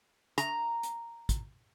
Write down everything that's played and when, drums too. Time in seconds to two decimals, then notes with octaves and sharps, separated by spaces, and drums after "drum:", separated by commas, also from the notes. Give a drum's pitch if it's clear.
0.38 A#5, drum: hi-hat
0.83 drum: hi-hat
1.29 drum: kick, hi-hat